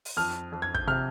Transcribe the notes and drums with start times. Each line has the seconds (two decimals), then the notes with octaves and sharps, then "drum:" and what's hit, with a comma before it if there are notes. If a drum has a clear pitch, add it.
0.05 drum: open hi-hat
0.17 F2 F6
0.52 F2
0.62 G#6
0.75 G6, drum: kick
0.87 C3 F6